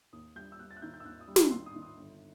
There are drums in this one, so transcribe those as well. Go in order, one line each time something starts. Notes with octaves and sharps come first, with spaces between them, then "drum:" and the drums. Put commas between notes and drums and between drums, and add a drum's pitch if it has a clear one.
D#2 D#6
G3 G6
E6
G3 F#6
A6
F#6
D#3 G6
G6
E6
D#2 F#6
D#6
G3
C6, drum: snare
D#3 C6
D#6
D#3
D#6
G1